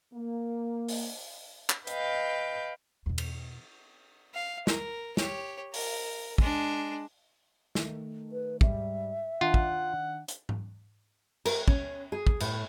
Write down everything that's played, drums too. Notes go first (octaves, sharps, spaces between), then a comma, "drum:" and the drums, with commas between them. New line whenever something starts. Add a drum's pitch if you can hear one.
A#3
drum: open hi-hat
drum: clap
B4 D#5 F5 G5 G6, drum: hi-hat
E2 B2
drum: cymbal
F5
A#4, drum: snare
G4 C#5, drum: snare
A#4, drum: open hi-hat
G#3 D4, drum: kick
D#3 A3, drum: snare
B4
G#2 G3 E5, drum: kick
D#3 D4 F4 F#5
drum: kick
drum: hi-hat
drum: tom G#2
A#4, drum: cymbal
C#4, drum: kick
G#4
drum: kick
A2, drum: cymbal